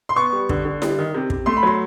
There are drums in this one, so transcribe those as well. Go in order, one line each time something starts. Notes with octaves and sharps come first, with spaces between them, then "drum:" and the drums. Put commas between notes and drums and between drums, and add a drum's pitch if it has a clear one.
C6
B3 C#6
G3
D3, drum: kick
D3
G3, drum: snare E4
D#3
C3
C3, drum: kick
A3 C6
B5
F#3 C6